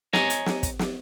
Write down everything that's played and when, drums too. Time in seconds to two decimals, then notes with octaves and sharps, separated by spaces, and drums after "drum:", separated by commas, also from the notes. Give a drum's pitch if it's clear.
0.13 C#5 D#5 G#5 A#5, drum: snare
0.30 drum: hi-hat
0.46 drum: snare
0.63 drum: kick, hi-hat
0.79 drum: snare